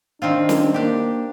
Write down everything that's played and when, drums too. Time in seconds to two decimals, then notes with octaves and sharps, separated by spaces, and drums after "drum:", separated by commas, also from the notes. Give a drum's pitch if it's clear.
0.22 D#3 C4 D4 F4
0.49 drum: snare
0.74 A#3 D4 G4